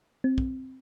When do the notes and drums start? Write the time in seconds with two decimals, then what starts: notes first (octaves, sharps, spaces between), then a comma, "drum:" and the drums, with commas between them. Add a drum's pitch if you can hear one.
0.24 C4
0.38 drum: kick